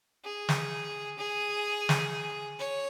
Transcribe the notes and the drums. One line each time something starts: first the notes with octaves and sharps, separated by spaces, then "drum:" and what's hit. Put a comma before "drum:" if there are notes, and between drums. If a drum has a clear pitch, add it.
G#4
drum: snare
G#4
drum: snare
C#5